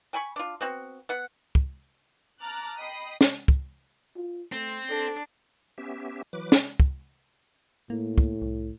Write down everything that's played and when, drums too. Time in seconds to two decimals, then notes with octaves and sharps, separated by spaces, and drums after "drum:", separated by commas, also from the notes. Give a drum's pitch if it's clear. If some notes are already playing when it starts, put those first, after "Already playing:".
0.13 G5 G#5 B5 C#6
0.36 D4 F4
0.61 B3 C4 F#4
1.09 B3 F#5
1.55 drum: kick
2.42 A5 A#5 D6 F6 F#6 A6
2.77 D#5 G5 B5 D#6 C7
3.21 drum: snare
3.48 drum: kick
4.16 F4
4.52 A3 C4
4.90 D4 A4
5.78 B3 C#4 G4 E5
6.33 E3 F#3 B4 D6
6.52 drum: snare
6.80 drum: kick
7.90 A2 A#3
8.18 drum: kick
8.42 C2